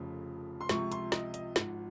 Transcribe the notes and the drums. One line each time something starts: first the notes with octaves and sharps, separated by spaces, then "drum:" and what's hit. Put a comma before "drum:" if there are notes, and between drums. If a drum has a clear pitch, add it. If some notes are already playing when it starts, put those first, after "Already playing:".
Already playing: F1 F2 C#3 F3
C6
C#2 C3 F3 C#6, drum: snare
C6, drum: hi-hat
D#5, drum: snare
D#5, drum: hi-hat
G#1 G#2 F3, drum: snare